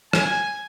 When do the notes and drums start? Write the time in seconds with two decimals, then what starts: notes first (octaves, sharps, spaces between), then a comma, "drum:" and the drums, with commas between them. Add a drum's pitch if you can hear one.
0.13 G#5, drum: rim click